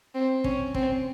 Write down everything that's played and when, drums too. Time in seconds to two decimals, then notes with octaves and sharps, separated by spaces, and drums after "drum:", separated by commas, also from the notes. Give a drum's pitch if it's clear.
0.15 C4
0.44 C#4, drum: kick
0.74 C4, drum: kick